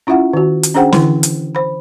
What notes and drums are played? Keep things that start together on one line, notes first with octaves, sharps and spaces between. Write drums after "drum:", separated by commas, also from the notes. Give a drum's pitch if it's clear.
C#4 E4 F4 E5 F#5
D#3 F#4
drum: hi-hat
C#4 D4 G#4 C5 F#5 G5
D3 E3 E4, drum: snare
drum: hi-hat
C5 B5